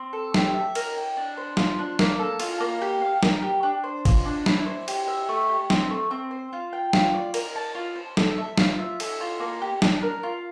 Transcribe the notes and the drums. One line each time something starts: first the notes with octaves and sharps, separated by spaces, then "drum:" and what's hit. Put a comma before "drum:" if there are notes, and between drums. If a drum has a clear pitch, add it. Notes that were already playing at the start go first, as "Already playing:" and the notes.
Already playing: C4
A4
G4, drum: snare
E5
A#4, drum: cymbal
G5
D4
C5
F4, drum: snare
D4
A#3, drum: snare
A4
F4, drum: cymbal
A#3
G4
F5
A#4, drum: snare
G4
D4
C5
F4, drum: kick G#1, cymbal
D4
E4, drum: snare
C5
G4, drum: cymbal
E5
A3
G4
C4, drum: snare
A3
C4
C5
F4
G5
F4, drum: snare
D5
A#4, drum: cymbal
A5
F4
C5
A4, drum: snare
E5
F4, drum: snare
E5
A4, drum: cymbal
F4
A#3
G4
D4, drum: snare
A#4
F4